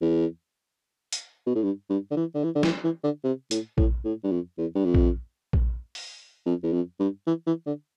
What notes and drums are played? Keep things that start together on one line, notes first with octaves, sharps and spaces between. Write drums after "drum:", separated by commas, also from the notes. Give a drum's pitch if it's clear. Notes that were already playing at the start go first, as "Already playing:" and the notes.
E2
drum: hi-hat
B2
A2
G2
G2
D3
E3
D3
E3
D3
E3, drum: snare
E3
D3
C3
A2, drum: hi-hat
A2, drum: kick A#1
A2
G2
F2
E2
G2
F2
drum: kick A#1
drum: kick A#1
drum: open hi-hat
F2
E2
F2
G2
E3
E3
D3